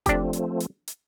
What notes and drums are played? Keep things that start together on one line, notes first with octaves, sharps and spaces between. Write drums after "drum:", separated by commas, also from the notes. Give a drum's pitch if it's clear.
F3 A3 C4 D4 G4, drum: kick F1, hi-hat
drum: hi-hat
drum: hi-hat
drum: hi-hat